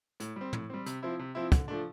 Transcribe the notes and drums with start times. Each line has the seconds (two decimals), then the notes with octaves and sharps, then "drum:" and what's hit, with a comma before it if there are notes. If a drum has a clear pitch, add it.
0.20 A2, drum: hi-hat
0.36 G3 C4
0.53 A2, drum: tom
0.70 G3 C4
0.86 C3, drum: hi-hat
1.03 F3 C4 E4
1.19 C3
1.35 F3 C4 E4
1.52 D3, drum: kick, hi-hat
1.68 F3 A3 D4